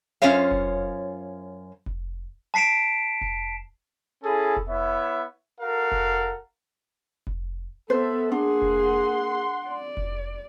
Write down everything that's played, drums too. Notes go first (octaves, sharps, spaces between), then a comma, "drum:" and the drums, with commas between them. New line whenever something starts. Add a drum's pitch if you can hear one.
F#2 C#4 F4 C5 C#5 F5
drum: kick F1
drum: kick F1
A5 B6 C7 D7 E7
drum: kick F1
C#4 E4 G#4 A4
drum: kick F1
B3 E4 C#5 E5
F#4 A4 A#4 F5 F#5
drum: kick F1
drum: kick F1
B3 A4 C5 E5
A#3 D4 G#4 F#5 C6
drum: kick F1
D5
drum: kick F1